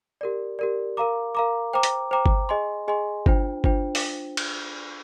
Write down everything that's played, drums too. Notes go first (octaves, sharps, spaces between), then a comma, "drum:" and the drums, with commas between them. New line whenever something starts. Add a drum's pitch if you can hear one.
G4 A#4 D5
G4 A#4 D5
A#4 F5 A#5 D6
A#4 F5 A#5 D6
C5 G5 A#5 D6
drum: hi-hat
C5 G5 A#5 D6
drum: kick G1
G#4 D#5 G#5 C6
G#4 D#5 G#5 C6
D4 F4 C5 G5, drum: kick G1
D4 F4 C5 G5, drum: kick G1
drum: open hi-hat
drum: cymbal